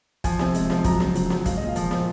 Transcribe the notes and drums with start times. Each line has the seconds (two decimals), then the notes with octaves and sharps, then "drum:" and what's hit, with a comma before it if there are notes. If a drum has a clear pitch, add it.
0.24 F3 G#5, drum: kick, hi-hat
0.39 C3, drum: snare
0.54 G#3, drum: hi-hat
0.70 F3, drum: snare
0.84 F#3 A#5, drum: kick, hi-hat
1.00 C#3, drum: snare
1.15 F#3, drum: hi-hat
1.30 F#3, drum: snare
1.46 G#3 F5, drum: kick, hi-hat
1.57 A#2 D#5
1.69 F5
1.76 F3, drum: hi-hat
1.91 A#2, drum: snare